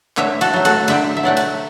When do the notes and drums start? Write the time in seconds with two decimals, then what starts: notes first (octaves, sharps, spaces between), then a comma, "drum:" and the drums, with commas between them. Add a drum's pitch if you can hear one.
0.17 D3 C#5 E5, drum: clap
0.41 F#4 A4, drum: cymbal
0.53 F#3 A3
0.65 F#4 A4, drum: cymbal
0.88 D3 E5 G5, drum: cymbal
1.17 E5
1.23 F#3 A3 D5 F#5
1.37 drum: cymbal